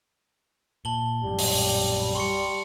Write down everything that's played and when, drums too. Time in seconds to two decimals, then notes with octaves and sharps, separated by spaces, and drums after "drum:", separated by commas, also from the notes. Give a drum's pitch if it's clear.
0.85 A#2 A5 F#7 G7
1.24 A#1 F#2 A2 G3
1.39 drum: open hi-hat
2.15 G3 C6 C#6 C#7